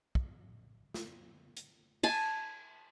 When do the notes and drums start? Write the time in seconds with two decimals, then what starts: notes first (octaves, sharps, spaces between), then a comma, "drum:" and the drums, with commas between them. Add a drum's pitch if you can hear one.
0.15 drum: kick
0.94 drum: snare
1.57 drum: hi-hat
2.03 G#5 A5, drum: cymbal